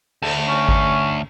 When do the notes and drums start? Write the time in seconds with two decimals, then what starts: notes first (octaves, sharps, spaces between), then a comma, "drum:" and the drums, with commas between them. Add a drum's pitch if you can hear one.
0.22 D2, drum: cymbal
0.48 C#4
0.69 drum: kick G#1